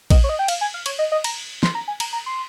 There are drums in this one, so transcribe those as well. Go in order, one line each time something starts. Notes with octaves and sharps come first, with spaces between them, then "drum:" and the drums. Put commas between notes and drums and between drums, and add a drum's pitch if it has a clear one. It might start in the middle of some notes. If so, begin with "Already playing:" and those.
D#5, drum: kick A#1, cymbal
C#5
D#5
G5
F5, drum: cymbal
G#5
F5
C#5, drum: cymbal
D#5
D#5
A#5, drum: cymbal
C6, drum: snare
A#5
G#5
A#5, drum: cymbal
A#5
C6